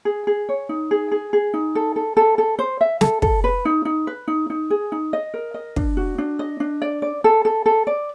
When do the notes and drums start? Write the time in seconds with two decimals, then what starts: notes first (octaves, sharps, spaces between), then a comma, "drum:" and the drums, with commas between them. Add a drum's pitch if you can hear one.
0.05 G#4
0.27 G#4
0.49 C#5
0.69 D#4
0.91 G#4
1.12 G#4
1.33 G#4
1.54 D#4
1.75 A4
1.96 A4
2.17 A4
2.38 A4
2.59 C5
2.81 E5
3.01 A4, drum: snare
3.22 A4, drum: kick
3.44 B4
3.65 D#4
3.85 D#4
4.07 B4
4.28 D#4
4.50 D#4
4.70 G#4
4.92 D#4
5.13 D#5
5.34 A#4
5.54 D#5
5.76 D4, drum: kick
5.97 F#4
6.18 D4
6.39 D#5
6.60 D4
6.82 D5
7.02 D5
7.24 A4
7.45 A4
7.66 A4
7.87 D5